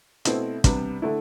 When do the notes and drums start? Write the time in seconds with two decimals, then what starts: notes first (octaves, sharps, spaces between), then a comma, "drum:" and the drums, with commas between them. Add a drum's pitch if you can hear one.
0.25 B2 A3 C4 E4, drum: hi-hat
0.64 C3 G3 B3 D4, drum: kick, hi-hat
1.02 D3 A3 E4